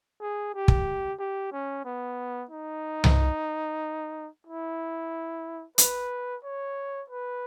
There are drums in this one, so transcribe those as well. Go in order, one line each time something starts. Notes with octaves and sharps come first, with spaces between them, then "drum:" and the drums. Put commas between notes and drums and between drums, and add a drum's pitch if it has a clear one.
G#4
G4
drum: kick
G4
C#4
B3
D#4
drum: tom C2
E4
B4, drum: hi-hat
C#5
B4